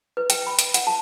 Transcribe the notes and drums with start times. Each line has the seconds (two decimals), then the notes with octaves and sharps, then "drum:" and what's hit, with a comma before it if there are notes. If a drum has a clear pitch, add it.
0.17 B4
0.30 G5, drum: hi-hat
0.47 B5
0.59 drum: hi-hat
0.74 F#5, drum: hi-hat
0.87 A5